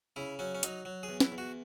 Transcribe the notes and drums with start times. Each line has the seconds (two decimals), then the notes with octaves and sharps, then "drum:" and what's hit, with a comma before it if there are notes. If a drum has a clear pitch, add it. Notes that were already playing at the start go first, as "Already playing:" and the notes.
0.16 C#3 E4
0.39 F#3 C#4
0.55 C#4
0.63 F#3 D#4, drum: hi-hat
0.85 F#3
1.03 G#4
1.09 E2
1.20 E4, drum: snare
1.32 E2
1.38 F#4